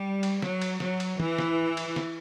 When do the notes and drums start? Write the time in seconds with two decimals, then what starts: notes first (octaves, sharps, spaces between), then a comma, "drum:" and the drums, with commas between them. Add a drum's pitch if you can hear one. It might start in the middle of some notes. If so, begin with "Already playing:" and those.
Already playing: G3
0.23 drum: cymbal
0.42 F#3, drum: snare
0.61 drum: cymbal
0.80 F#3, drum: snare
1.00 drum: cymbal
1.20 E3, drum: tom
1.39 drum: snare
1.77 drum: cymbal
1.96 drum: snare